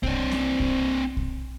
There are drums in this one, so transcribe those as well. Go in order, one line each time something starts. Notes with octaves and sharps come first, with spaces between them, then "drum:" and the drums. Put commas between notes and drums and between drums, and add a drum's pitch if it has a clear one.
C4 D4, drum: kick
drum: snare
drum: kick
drum: kick